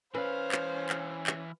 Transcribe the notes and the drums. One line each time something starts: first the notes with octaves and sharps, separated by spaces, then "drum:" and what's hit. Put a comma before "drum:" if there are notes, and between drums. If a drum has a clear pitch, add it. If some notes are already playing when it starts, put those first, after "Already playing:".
E3 C#4 B4 C5 F5
drum: clap
drum: clap
drum: clap